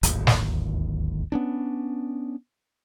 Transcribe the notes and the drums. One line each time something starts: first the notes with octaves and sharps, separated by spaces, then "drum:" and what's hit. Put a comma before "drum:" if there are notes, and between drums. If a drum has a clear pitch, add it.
D1 G#1 D#2, drum: hi-hat
drum: snare
B3 C#4 D4